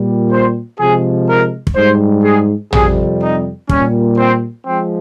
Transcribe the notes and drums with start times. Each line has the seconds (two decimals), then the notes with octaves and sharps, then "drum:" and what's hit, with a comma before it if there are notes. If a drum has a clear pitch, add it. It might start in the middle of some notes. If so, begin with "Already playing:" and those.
Already playing: A#2 G3
0.31 C5
0.79 C3 F3 G#3 G#4
1.28 A#4
1.67 drum: kick
1.76 G#2 G3 C5
2.24 G#4
2.73 F2 C3 G3 G#4, drum: tom
3.22 D#4
3.69 A#2 G3 C#4, drum: kick
4.18 C4
4.66 F3 G#3 C4